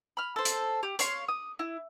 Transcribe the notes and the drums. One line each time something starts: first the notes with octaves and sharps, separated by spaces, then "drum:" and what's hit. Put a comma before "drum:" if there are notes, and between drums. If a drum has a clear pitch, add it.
B5 F6
A4 C5
drum: hi-hat
G4
C#5 F5 C6, drum: hi-hat
D#6
E4